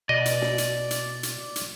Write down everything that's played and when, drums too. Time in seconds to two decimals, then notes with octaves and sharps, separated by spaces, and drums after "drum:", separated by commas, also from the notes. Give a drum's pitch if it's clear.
0.09 B2 D5 D#5
0.26 drum: hi-hat
0.42 drum: snare
0.58 drum: hi-hat
0.91 drum: hi-hat
1.23 drum: hi-hat
1.56 drum: hi-hat